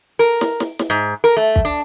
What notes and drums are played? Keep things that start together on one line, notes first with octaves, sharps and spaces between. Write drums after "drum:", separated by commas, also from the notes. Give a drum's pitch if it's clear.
A#4
drum: snare
drum: snare
drum: snare
G#2
A#4
A3
drum: kick
D4